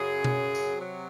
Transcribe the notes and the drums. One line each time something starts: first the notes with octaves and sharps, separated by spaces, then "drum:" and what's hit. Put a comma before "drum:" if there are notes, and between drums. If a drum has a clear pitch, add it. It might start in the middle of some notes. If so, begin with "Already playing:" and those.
Already playing: F#2 C#3 F#3 G#4
drum: tom B2
drum: tambourine
C3 F#3